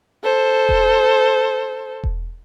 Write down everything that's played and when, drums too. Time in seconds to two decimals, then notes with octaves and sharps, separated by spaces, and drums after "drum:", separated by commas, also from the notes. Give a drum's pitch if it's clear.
0.24 A4 C5
0.69 drum: kick E1
2.04 drum: kick E1